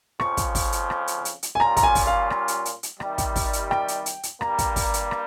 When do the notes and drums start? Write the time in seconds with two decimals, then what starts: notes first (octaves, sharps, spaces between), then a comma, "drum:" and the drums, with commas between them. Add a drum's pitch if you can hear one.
0.20 F2 C#3 F3 C#6, drum: rim click
0.37 drum: kick, hi-hat
0.55 drum: kick, open hi-hat
0.72 drum: hi-hat
0.90 drum: rim click
1.07 drum: hi-hat
1.25 drum: hi-hat
1.43 drum: hi-hat
1.55 G#5
1.60 A#2 G3 A#3 C#4 F4 A#5, drum: rim click
1.77 A#5, drum: kick, hi-hat
1.83 G#5
1.95 drum: kick, open hi-hat
2.07 F5
2.30 drum: rim click
2.48 drum: hi-hat
2.65 drum: hi-hat
2.83 drum: hi-hat
3.00 C3 D#3 G3, drum: rim click
3.18 drum: kick, hi-hat
3.36 drum: kick, open hi-hat
3.53 drum: hi-hat
3.71 G5, drum: rim click
3.88 drum: hi-hat
4.06 drum: hi-hat
4.23 drum: hi-hat
4.41 G2 G3 A#3 A#5, drum: rim click
4.58 drum: kick, hi-hat
4.76 drum: kick, open hi-hat
4.94 drum: hi-hat
5.11 drum: rim click